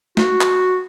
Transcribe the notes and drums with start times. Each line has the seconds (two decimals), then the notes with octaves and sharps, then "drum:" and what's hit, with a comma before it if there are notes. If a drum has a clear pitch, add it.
0.17 F#4, drum: snare
0.41 drum: clap